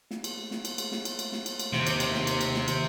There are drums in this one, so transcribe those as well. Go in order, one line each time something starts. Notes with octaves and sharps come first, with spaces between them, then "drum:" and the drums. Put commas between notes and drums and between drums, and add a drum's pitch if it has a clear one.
drum: snare
drum: cymbal
drum: snare
drum: cymbal
drum: cymbal
drum: snare
drum: cymbal
drum: cymbal
drum: snare
drum: cymbal
drum: cymbal
D#2 C3, drum: snare
drum: cymbal
drum: cymbal
drum: snare
drum: cymbal
drum: cymbal
drum: snare
drum: cymbal